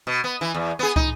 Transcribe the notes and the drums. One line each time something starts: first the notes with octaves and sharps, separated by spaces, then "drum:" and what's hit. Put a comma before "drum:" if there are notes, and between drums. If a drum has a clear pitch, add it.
B2
B3
E3
E2
B3 G#4
D#4, drum: kick